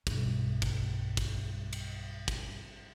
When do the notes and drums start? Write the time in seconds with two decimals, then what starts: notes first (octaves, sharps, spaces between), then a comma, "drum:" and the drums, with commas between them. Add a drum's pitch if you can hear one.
0.07 B1 G2, drum: kick, cymbal
0.62 drum: kick, cymbal
1.17 drum: kick, cymbal
1.73 drum: cymbal
2.28 drum: kick, cymbal